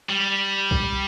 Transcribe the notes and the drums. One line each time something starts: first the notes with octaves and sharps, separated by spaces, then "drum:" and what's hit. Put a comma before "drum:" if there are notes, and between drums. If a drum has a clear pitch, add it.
G3
drum: kick